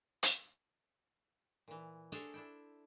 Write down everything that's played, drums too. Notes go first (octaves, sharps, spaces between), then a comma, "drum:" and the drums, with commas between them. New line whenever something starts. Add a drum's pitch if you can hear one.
drum: hi-hat
A#2 E3
D4 F#4 G#4 A4 C5 C#5
D4 E4 G5